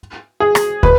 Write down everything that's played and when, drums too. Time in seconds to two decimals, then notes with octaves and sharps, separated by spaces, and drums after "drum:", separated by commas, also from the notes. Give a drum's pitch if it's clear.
0.40 G#4
0.55 drum: rim click
0.83 B4, drum: kick